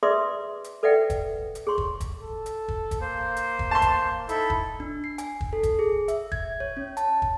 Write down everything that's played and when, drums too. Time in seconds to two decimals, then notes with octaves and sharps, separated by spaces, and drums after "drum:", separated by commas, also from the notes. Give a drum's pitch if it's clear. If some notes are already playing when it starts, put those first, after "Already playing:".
0.03 G#4 B4 D5 E5 C6 D#6
0.64 drum: hi-hat
0.83 A4 B4 D5 E5 F#5 G5
1.10 drum: kick, hi-hat
1.55 drum: hi-hat
1.67 G#4 C#5 C6 C#6
1.78 drum: kick
2.00 drum: kick, hi-hat
2.22 A4
2.46 drum: hi-hat
2.68 drum: kick
2.91 drum: kick, hi-hat
3.01 A#3 C5
3.36 drum: hi-hat
3.59 drum: kick
3.71 A5 C6
3.82 drum: kick, hi-hat
4.29 D#4 E4 A4, drum: hi-hat
4.50 drum: kick
4.80 D4
5.04 C7
5.18 G#5, drum: hi-hat
5.41 drum: kick
5.53 A4
5.63 drum: kick, hi-hat
5.79 G#4
6.08 E5, drum: hi-hat
6.32 G#6, drum: kick
6.60 C#5
6.77 C#4
6.97 A5, drum: hi-hat
7.22 drum: kick